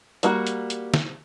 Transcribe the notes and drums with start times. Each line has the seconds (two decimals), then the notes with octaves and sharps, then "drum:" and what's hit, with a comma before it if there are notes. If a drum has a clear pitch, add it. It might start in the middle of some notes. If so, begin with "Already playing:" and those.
0.23 G3 A#3 F#4, drum: hi-hat
0.47 drum: hi-hat
0.70 drum: hi-hat
0.94 drum: snare